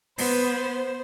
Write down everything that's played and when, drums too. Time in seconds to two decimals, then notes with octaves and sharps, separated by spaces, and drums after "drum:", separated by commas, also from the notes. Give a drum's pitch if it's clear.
0.18 B3 C5, drum: open hi-hat